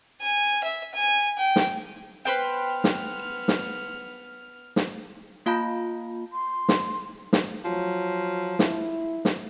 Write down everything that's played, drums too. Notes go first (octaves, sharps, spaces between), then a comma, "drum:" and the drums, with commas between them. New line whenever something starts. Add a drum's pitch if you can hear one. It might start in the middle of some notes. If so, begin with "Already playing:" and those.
G#5
E5
G#5
G5
drum: snare
B3 B4 C5 G5 F6
drum: snare
drum: snare
drum: snare
A#3 F4 F5 A5 B5 G6
C6
drum: snare
drum: snare
F3 F#3
E4, drum: snare
drum: snare